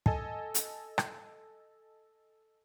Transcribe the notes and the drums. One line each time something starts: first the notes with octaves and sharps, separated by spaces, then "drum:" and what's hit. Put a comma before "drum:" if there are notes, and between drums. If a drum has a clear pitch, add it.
A4 D#5 G#5 A5, drum: kick
drum: hi-hat
drum: rim click